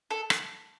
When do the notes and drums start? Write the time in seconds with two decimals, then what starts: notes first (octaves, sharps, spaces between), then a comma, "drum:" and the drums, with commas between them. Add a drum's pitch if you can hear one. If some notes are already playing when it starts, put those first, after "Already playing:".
0.11 A4
0.30 drum: rim click